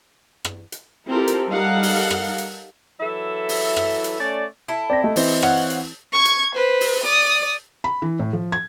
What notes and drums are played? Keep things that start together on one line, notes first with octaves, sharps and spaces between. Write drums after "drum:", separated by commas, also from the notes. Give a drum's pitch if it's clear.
drum: rim click
drum: hi-hat
C4 E4 F4 G4 A4 A#4
drum: hi-hat
G3 D#4 A4 A#4 F5 F#5
drum: open hi-hat
drum: rim click
drum: hi-hat
E3 F#3 E4 A4 E5
drum: open hi-hat
drum: rim click
drum: hi-hat
A3 C#4 D5
E4 A4
C4 D5 G5 A#6
A3 D#5
E3 C4 E4, drum: open hi-hat
C#5 F5 F#5, drum: rim click
drum: hi-hat
C#6 G#6
drum: hi-hat
B4 C5
drum: open hi-hat
D5 D#6
B5
E3
A2
F3
G#6